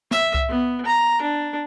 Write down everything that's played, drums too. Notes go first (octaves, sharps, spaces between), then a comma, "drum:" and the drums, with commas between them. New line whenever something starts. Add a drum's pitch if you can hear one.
E5, drum: snare
drum: kick C2
B3
A#5
D4